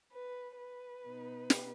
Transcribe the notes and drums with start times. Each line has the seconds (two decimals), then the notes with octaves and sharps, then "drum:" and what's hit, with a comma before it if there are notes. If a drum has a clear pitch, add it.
0.12 B4
0.58 B4
1.04 B2 B3 D#4
1.50 drum: snare